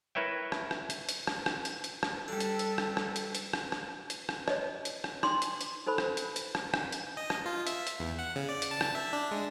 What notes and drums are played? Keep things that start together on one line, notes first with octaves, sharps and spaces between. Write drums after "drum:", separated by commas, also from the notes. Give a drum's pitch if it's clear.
E4 A#4 B4 C#5 E5 G5
drum: rim click
drum: rim click
drum: hi-hat
drum: hi-hat
drum: rim click
drum: rim click
drum: hi-hat
drum: hi-hat
drum: rim click
G3 D4 A4
drum: hi-hat
drum: hi-hat
drum: rim click
drum: rim click
drum: hi-hat
drum: hi-hat
drum: rim click
drum: rim click
drum: hi-hat
drum: rim click
C#5 D#5, drum: rim click
drum: hi-hat
drum: rim click
D4 D#4 C6 D6, drum: rim click
drum: hi-hat
drum: hi-hat
D#4 A4 C5 B5
drum: rim click
drum: hi-hat
drum: hi-hat
drum: rim click
drum: rim click
drum: hi-hat
D#5
drum: rim click
F4
E5, drum: hi-hat
drum: hi-hat
E2
F#5
C#3
D5
drum: hi-hat
A5
drum: rim click
E5
D4
G#3